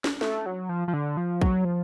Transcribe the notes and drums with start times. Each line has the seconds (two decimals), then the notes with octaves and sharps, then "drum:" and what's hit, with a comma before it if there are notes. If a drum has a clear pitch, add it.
0.04 drum: snare
0.21 A3, drum: snare
0.46 F#3
0.69 F3
0.88 F3
0.93 D3
1.17 F3
1.42 F#3, drum: kick
1.65 F3